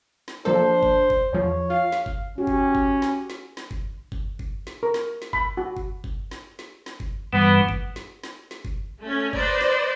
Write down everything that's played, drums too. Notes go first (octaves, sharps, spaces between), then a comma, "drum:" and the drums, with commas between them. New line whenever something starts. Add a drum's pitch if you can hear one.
drum: snare
F3 A#3 D4 A4 C5
drum: kick G1
drum: kick G1
E2 F3 C#5
F4 F5
drum: snare
drum: kick G1
C#4 F#4 G4
drum: kick G1
drum: kick G1
drum: snare
drum: snare
drum: snare
drum: kick G1
drum: kick G1
drum: kick G1
drum: snare
A#4
drum: snare
drum: snare
B5, drum: kick G1
F#4
drum: kick G1
drum: kick G1
drum: snare
drum: snare
drum: snare
drum: kick G1
G2 E3 G3 B3
drum: kick G1
drum: snare
drum: snare
drum: snare
drum: kick G1
A3 C#4
B4 C5 D5 D#5, drum: kick G1
drum: snare